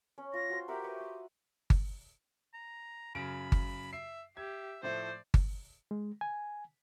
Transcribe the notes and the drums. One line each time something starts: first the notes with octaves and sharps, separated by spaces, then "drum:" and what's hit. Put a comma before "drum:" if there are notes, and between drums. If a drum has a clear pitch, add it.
C#4
F4 A#6
F#4 C5
G4 A#4 E5 F#5
B4 C#6 D#6
C6
drum: kick G1
A#5
F#2 C#3 B5 D7
drum: kick G1
E5 C7
G4 E5 G#6
A2 F3 A3 C5 D5
drum: kick G1
G#3
G#5